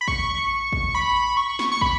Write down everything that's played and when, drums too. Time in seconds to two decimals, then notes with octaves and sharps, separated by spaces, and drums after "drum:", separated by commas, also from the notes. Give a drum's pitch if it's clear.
0.01 B5
0.08 C#6, drum: kick
0.72 drum: kick
0.95 B5
1.37 C#6
1.59 drum: snare
1.71 C#6
1.81 B5, drum: kick